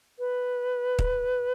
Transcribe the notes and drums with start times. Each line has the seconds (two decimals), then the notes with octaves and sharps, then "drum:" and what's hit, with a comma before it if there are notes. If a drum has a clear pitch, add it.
0.19 B4
0.99 drum: kick